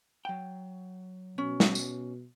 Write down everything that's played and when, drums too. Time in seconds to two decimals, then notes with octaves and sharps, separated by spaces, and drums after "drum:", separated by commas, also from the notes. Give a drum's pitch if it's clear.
0.25 F#3 G5
1.38 B2 C#4
1.60 drum: snare
1.75 drum: tambourine